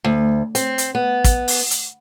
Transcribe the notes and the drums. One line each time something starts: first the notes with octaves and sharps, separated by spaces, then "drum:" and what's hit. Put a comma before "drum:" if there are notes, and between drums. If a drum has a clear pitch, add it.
D2
C4, drum: hi-hat
drum: hi-hat
B3
drum: kick, hi-hat
drum: open hi-hat
drum: hi-hat